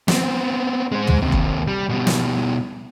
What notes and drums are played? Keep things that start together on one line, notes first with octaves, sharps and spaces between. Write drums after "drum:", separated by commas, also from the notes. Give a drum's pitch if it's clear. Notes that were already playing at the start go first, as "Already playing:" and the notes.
B3 C4, drum: snare
G#3 C5
drum: tom
D#2 C3
drum: kick E1
G3
B2 G3
drum: snare